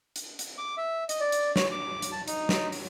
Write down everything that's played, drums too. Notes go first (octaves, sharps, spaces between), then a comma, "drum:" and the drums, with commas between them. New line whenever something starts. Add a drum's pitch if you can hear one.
drum: hi-hat
drum: hi-hat
D6
E5
D#5, drum: hi-hat
D5
drum: hi-hat
C#5, drum: snare
D6
drum: hi-hat
A5
D#4, drum: hi-hat
drum: snare
drum: open hi-hat